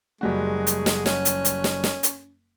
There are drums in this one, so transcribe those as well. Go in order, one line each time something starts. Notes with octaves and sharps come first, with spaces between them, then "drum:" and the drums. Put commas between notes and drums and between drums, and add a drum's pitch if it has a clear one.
F#1 G3 G#3 F#4
drum: hi-hat
drum: snare
C#4, drum: snare
drum: hi-hat
drum: hi-hat
drum: snare
drum: snare
drum: hi-hat